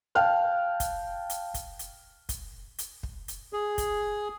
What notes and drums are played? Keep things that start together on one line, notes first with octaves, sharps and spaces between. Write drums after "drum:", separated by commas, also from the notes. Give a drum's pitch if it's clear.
F5 G5 A5 F6 F#6
drum: kick, hi-hat
drum: hi-hat
drum: kick, hi-hat
drum: hi-hat
drum: kick, hi-hat
drum: hi-hat
drum: kick
drum: hi-hat
G#4
drum: kick, hi-hat